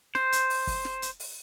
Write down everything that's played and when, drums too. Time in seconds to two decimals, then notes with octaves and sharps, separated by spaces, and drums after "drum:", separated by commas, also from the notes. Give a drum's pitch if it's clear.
0.15 C5, drum: snare
0.32 drum: hi-hat
0.50 drum: open hi-hat
0.67 drum: kick, open hi-hat
0.85 drum: snare
1.02 drum: hi-hat
1.20 drum: open hi-hat